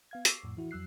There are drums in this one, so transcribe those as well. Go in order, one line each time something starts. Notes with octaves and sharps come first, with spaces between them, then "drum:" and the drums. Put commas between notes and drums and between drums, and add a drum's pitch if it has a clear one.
B3 F5 G#6
C#6 D6 E6 C7, drum: hi-hat
F2 A2
E3 E4 F#4
F2 F#3 E6 F#6 C7